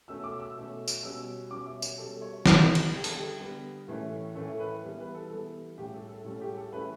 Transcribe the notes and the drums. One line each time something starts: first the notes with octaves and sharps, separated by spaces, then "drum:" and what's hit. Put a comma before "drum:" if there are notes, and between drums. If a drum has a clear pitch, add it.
B2 A3 C#4 E6
D6
E6
B2 A3 C#4
drum: tambourine
B2 G3 C#4 E6
B2 G3 C#4 D6
E5
C#5, drum: tambourine
B2 G3 C#4 A4
C#5
B2 G3 C#4 A4, drum: snare
drum: cymbal
D3 G3 B3 G4
A4, drum: open hi-hat
G4
D3 G3 B3
A2 E3 A3 C#4
A2 E3 A3 C#4 A4
B4
E3 G3 B3
B4
A4
E3 G3 B3 A4
A2 G3 C#4 G4
A4
A4
A2 G3 C#4 A4
G4
A4
E3 A3 C#4 B4